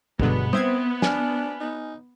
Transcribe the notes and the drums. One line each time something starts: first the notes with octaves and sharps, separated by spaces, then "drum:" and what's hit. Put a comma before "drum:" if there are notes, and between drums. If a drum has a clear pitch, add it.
G#1 G2 B2 D3 F#3 G#3 B3, drum: kick
C4 C5 E5 D#6 G#6, drum: tom G3
D4 G#5 F6, drum: snare
D#4